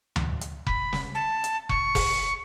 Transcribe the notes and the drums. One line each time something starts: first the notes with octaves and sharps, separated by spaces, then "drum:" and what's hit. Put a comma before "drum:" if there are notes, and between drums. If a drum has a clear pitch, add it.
drum: tom D2
drum: hi-hat
B5, drum: kick F1
drum: snare
A5
drum: hi-hat
C#6, drum: kick F1
drum: kick F1, open hi-hat